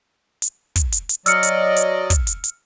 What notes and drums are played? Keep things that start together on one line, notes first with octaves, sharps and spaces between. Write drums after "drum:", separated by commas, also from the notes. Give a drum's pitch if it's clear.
drum: hi-hat
drum: kick, hi-hat
drum: hi-hat
drum: hi-hat
F#3 D5 D#5 E6 F6 C#7, drum: hi-hat
drum: hi-hat
drum: hi-hat
drum: kick, hi-hat
drum: hi-hat
drum: hi-hat